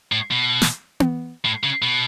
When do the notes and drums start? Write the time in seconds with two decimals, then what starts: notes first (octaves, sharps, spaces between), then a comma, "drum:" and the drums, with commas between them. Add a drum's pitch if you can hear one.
0.12 A2
0.31 B2
0.62 drum: snare
1.00 drum: tom B3
1.45 A2
1.64 C#3
1.82 B2